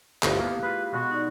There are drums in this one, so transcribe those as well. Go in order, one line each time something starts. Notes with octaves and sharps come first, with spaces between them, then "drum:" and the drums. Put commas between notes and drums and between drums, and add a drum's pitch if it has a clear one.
G1 D2 E4 G4 F5, drum: clap
A#3 B3
G#3 A#3 F4 B4
B2 G#3 F#4
D#4 D5